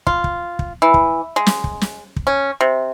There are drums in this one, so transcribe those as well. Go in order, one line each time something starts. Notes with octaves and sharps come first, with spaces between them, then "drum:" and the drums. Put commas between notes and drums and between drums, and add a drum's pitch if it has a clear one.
F4, drum: kick
drum: kick
drum: kick
E3
drum: kick
G#3
drum: snare
drum: kick
drum: snare
drum: kick
C#4
C3